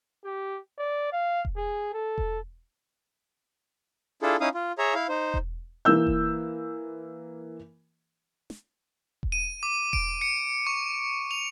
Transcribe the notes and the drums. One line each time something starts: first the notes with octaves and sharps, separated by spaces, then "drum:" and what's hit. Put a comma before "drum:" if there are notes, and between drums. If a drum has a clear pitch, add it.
G4
D5
F5
drum: kick E1
G#4
A4
drum: kick E1
D4 E4 F4 G#4 A4
C#4 D#4 E4 F5 D#6
F4
G#4 C#5 E5 A#5
E4 F5
D#4 C5
drum: kick E1
E3 A#3 E6 G6
drum: kick E1
drum: snare
drum: kick E1
D#7
D6
D7, drum: kick E1
C#7
C#6
F7